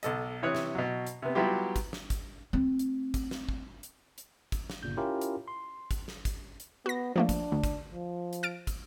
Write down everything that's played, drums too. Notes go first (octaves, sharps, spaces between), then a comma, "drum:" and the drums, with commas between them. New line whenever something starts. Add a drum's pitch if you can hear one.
B1 A4 D#5, drum: hi-hat
C3 E3 C#5 D#6 F#6
drum: snare
B2 F#3
drum: hi-hat
C3 B3
F#3 G3 B3 E4 F4 G4
drum: kick, hi-hat
drum: snare
drum: kick, hi-hat
A3 C4
drum: hi-hat
drum: kick, hi-hat
drum: snare
drum: kick
drum: hi-hat
drum: hi-hat
drum: kick, hi-hat
drum: snare
G1 A#2 C#3 G6
C#4 E4 F4 G4 A#4
drum: hi-hat
C6
drum: kick, hi-hat
drum: snare
drum: kick, hi-hat
drum: hi-hat
B3 F#4 A#6
F3 A3 A#3 D4
drum: kick, hi-hat
D2
drum: kick, hi-hat
F3
drum: hi-hat
F6 A6 D7
drum: kick, hi-hat